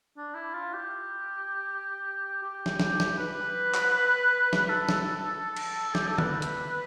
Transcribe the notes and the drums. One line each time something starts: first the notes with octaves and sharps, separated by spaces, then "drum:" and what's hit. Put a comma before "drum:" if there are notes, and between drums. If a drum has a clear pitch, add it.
D4
E4
F4
G4
G4
drum: snare
G4, drum: snare
drum: snare
B4
drum: clap
drum: snare
A4
drum: snare
drum: cymbal
G4, drum: snare
A4
B4, drum: tom D3
drum: hi-hat